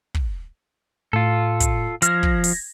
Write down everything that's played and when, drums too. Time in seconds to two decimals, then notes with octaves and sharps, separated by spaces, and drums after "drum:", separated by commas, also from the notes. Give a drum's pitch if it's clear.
0.14 drum: kick
1.13 A2 F4 A4
1.60 drum: kick, hi-hat
2.02 F3 F6 G#6 A#6, drum: hi-hat
2.23 drum: kick
2.44 drum: open hi-hat